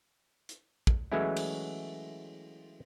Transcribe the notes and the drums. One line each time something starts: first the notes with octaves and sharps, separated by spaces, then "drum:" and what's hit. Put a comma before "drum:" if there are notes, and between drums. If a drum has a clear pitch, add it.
drum: hi-hat
drum: kick
E3 F#3 G#3 A3 C#4 E4
drum: cymbal